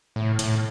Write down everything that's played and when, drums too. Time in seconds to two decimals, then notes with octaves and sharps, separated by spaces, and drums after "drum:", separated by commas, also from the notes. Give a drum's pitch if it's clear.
0.16 A2
0.39 A2, drum: hi-hat